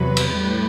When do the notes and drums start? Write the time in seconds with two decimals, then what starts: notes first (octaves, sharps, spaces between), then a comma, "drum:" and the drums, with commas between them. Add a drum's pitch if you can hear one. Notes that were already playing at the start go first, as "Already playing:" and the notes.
Already playing: E2 C3 F#3 B4
0.17 drum: cymbal
0.36 A2 G3